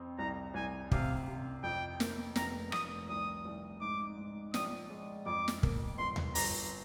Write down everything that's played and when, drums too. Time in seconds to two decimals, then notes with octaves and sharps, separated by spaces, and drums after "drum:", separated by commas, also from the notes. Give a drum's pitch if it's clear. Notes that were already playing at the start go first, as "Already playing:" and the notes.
Already playing: F2 C4
0.18 C2 A#5
0.54 C2 G#5
0.91 C3 F5, drum: kick
1.28 C3
1.63 F2 G5
2.00 A#3, drum: snare
2.36 F1 A#5, drum: snare
2.72 F1 D#6, drum: rim click
3.09 C2 D#6
3.45 C2
3.81 G#2 D6
4.18 G#2
4.54 A#1 D#6, drum: snare
4.90 G#3
5.26 F2 D6
5.48 drum: snare
5.63 A#3, drum: kick
5.98 G1 C6
6.16 drum: tom D#2
6.35 G1 A#5, drum: open hi-hat